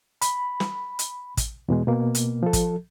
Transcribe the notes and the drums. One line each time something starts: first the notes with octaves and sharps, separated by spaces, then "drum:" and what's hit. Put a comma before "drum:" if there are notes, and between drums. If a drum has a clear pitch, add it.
B5, drum: hi-hat
drum: snare
drum: hi-hat
drum: kick, hi-hat
E2 B2 G#3
B2 A#3
drum: hi-hat
F3 A4
drum: kick, hi-hat